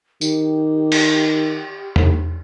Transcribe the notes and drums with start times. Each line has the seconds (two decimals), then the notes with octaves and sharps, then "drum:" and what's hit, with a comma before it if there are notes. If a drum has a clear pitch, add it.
0.21 D#3 G4, drum: tambourine
0.92 drum: cymbal
1.96 drum: tom E2